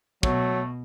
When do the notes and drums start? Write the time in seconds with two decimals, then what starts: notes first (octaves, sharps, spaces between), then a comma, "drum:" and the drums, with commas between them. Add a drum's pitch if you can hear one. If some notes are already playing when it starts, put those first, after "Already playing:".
0.23 B2 F#3 A3, drum: kick